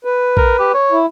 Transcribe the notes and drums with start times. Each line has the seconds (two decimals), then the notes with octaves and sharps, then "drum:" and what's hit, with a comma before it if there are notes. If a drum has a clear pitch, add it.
0.05 B4
0.37 A#4, drum: kick A#1
0.59 G4
0.74 C#5
0.92 E4